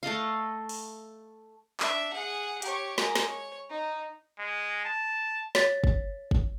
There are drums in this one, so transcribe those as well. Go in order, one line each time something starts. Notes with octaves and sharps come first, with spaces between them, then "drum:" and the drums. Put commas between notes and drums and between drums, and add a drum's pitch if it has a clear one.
A3 A4 D#5 F5
drum: open hi-hat
D4 E5, drum: clap
G#4 F#5
G4 C#5, drum: hi-hat
G#3 A#3, drum: snare
drum: snare
C#5
D#4
G#3
A5
C#5 A6 B6, drum: snare
drum: kick
drum: kick